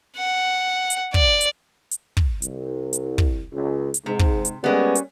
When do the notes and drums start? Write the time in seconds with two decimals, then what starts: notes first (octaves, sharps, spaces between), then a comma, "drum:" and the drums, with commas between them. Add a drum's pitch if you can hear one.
0.17 F#5
0.90 drum: hi-hat
1.14 D5, drum: kick
1.41 drum: hi-hat
1.91 drum: hi-hat
2.17 drum: kick
2.42 C2, drum: hi-hat
2.93 drum: hi-hat
3.18 drum: kick
3.52 C#2
3.94 drum: hi-hat
4.06 G#2 C3
4.19 drum: kick
4.45 drum: hi-hat
4.64 G3 G#3 A#3 B3 C#4
4.95 drum: hi-hat